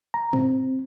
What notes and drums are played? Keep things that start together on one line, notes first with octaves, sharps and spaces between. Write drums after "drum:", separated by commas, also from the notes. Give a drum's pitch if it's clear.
A#5
C4, drum: tom G#2